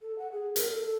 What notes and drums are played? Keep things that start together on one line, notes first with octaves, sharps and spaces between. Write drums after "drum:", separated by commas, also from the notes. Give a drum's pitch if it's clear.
A4
F#5
G#4
A#4, drum: hi-hat
A4
A4